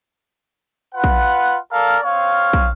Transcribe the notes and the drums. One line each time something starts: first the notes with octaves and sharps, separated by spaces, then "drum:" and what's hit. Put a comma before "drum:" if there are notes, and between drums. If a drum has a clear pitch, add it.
F4 B4 F#5
drum: kick
A4 A#4 D5 F5
C4 C#5 F5
drum: kick